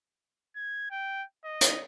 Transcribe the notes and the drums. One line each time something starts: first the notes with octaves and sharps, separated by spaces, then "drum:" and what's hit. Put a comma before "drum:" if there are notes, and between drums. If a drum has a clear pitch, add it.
G#6
G5
D#5
drum: hi-hat